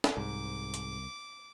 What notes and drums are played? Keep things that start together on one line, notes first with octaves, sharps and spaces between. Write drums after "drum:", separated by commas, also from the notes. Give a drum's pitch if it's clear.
drum: snare
C2 G#2 D6
drum: hi-hat